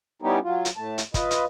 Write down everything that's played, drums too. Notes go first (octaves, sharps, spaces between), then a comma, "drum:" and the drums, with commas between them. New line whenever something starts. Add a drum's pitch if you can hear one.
G3 B3 C#4 D#4 E4 G4
F#3 F4
drum: hi-hat
A2 A3 A5
drum: hi-hat
F4 B4 D#5, drum: kick, hi-hat
drum: hi-hat